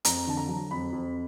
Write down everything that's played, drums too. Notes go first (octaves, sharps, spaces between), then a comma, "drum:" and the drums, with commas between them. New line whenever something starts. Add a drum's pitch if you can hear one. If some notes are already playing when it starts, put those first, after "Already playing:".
F2 A#5, drum: hi-hat
D3 A5
A#5
F#3
F2 B5
F2